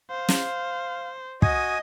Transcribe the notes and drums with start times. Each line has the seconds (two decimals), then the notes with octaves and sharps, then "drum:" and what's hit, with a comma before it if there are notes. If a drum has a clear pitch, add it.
0.11 C5 F5
0.29 drum: snare
1.42 F#4 D#5 G#5 D#6, drum: kick